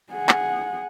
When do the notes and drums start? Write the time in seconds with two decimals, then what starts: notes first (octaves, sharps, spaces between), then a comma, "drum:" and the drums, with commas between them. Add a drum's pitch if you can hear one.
0.12 G#4 F#5
0.29 drum: clap